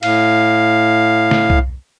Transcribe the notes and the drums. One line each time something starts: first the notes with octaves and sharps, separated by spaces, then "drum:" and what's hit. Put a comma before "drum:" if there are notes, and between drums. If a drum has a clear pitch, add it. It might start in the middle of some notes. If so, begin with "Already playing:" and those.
A2 F5, drum: cymbal
drum: snare
drum: kick B1